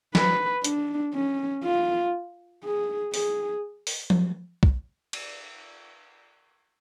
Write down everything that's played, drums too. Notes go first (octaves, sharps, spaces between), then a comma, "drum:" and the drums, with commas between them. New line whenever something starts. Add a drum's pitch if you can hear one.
B4, drum: snare
D4, drum: hi-hat
C#4
F4
G#4
G#4, drum: open hi-hat
drum: open hi-hat
drum: tom F3
drum: kick
drum: cymbal